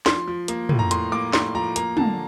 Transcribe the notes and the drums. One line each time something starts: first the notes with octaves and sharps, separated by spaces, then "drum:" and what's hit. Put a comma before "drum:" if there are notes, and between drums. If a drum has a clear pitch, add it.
F3 C6, drum: snare
F3
A#3, drum: hi-hat
A2, drum: tom
A#5
A2 C6, drum: hi-hat
A#3 D6
A2 C6, drum: snare
F3 A#5
A#3 A#5, drum: hi-hat
D3 A5, drum: tom